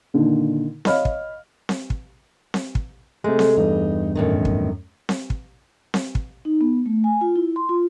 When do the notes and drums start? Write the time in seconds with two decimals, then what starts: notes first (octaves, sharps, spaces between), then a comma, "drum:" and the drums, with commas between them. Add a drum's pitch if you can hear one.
0.14 A#2 D3 D#3
0.85 C#5 D#5 F5 B5 F6, drum: snare C4
1.05 drum: kick
1.69 drum: snare C4
1.90 drum: kick
2.54 drum: snare C4
2.75 drum: kick
3.24 C3 G#3 A3
3.39 drum: snare C4
3.57 E2 G2 D#4
4.15 F#2 A2 D#3
4.45 drum: kick
5.09 drum: snare C4
5.30 drum: kick
5.94 drum: snare C4
6.15 drum: kick
6.45 D#4
6.61 B3
6.86 A3
7.04 G#5
7.21 F4
7.36 E4
7.56 C6
7.69 F4